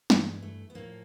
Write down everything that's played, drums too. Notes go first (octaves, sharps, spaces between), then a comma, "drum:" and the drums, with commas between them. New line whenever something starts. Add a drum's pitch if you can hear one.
G2 E3 G#3, drum: snare
A3
B3
A2 F3 A#3